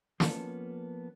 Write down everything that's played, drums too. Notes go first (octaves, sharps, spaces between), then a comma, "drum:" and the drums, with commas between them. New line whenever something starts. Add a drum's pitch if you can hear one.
F3 A#3 B3 C#4 A4, drum: snare